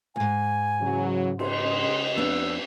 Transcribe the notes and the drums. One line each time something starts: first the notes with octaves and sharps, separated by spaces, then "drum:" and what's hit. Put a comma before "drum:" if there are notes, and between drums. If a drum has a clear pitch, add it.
D2 G#2 G#5
C#3 E3 F#3
C#3 G#3 D#5 C6, drum: cymbal
F2 B3 D4 E6